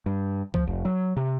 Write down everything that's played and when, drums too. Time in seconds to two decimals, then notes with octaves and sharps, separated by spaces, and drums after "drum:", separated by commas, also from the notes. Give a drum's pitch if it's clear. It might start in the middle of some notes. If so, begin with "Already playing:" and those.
0.06 G2
0.54 F3, drum: kick C#2
0.67 F1
0.85 F#3
1.17 C3